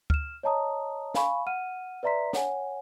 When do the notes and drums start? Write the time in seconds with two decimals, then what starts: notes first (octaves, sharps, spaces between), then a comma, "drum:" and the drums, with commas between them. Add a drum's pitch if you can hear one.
0.10 F6 E7, drum: kick
0.43 C#5 D#5 A5 A#5 D#6
1.14 F5 G#5 B5 C#6, drum: snare
1.46 F#5 F6 D#7
2.03 B4 D5 E5 A#5 C6 B6
2.33 C#5 F#5 G#5, drum: snare